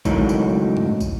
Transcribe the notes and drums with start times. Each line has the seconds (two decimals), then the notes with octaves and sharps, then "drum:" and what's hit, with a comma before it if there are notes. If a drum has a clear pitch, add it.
0.05 C#2 A2 D#3 F#3 D#4, drum: kick, tambourine
0.29 drum: tambourine
0.77 drum: tom G2
1.00 drum: kick, tambourine